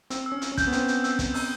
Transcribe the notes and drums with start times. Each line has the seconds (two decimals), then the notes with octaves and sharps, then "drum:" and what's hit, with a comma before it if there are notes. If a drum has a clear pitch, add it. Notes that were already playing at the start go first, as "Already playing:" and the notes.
0.10 C4 E6, drum: hi-hat
0.26 E6
0.32 C#4
0.42 E6, drum: hi-hat
0.52 C#4
0.58 G6, drum: kick, hi-hat
0.67 B3
0.72 C4 G6, drum: hi-hat
0.88 G6, drum: hi-hat
1.04 E6, drum: hi-hat
1.19 G6, drum: kick, hi-hat
1.34 E6, drum: open hi-hat